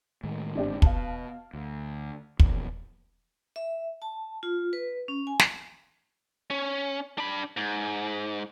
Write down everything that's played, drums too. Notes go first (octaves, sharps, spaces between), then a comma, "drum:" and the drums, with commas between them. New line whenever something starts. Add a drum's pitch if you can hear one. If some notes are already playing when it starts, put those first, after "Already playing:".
A2 D#3 G#3
G1 G#2 E3 C4 D4 G4
B2 F5 A5, drum: kick
D2
A#1 E2, drum: kick
E5
A5
F4
B4
C#4
G#5
drum: snare
C#4
D4 B5
G#2